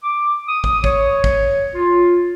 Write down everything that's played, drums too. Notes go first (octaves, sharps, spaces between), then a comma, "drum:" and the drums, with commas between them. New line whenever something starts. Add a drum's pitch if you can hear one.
D6
D#6
drum: kick
C#5, drum: kick
drum: kick
F4